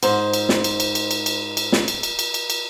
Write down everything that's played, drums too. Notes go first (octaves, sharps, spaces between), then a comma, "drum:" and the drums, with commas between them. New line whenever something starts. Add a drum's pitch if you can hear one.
G#2 C5, drum: cymbal
drum: cymbal
drum: snare
drum: cymbal
drum: cymbal
drum: cymbal
drum: cymbal
drum: cymbal
drum: cymbal
drum: snare
drum: cymbal
drum: cymbal
drum: cymbal
drum: cymbal
drum: cymbal